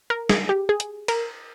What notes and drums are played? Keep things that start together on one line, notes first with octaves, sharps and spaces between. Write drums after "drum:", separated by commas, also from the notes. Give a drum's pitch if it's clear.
A#4
G#4, drum: snare
G4
G#4
drum: hi-hat
A#4, drum: cymbal